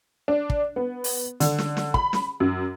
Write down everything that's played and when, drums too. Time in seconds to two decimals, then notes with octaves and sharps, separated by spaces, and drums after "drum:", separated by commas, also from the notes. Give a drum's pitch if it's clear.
0.28 D4
0.50 drum: kick
0.76 B3
1.04 drum: open hi-hat
1.40 D3, drum: hi-hat
1.58 drum: snare
1.77 drum: snare
1.94 B5, drum: kick
2.13 drum: snare
2.40 F#2